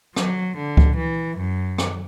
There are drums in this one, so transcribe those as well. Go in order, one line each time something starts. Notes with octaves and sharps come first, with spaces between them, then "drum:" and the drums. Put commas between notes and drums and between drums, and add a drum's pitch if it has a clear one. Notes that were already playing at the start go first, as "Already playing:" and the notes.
F#3, drum: rim click
D3
drum: kick C#2
E3
F#2
drum: rim click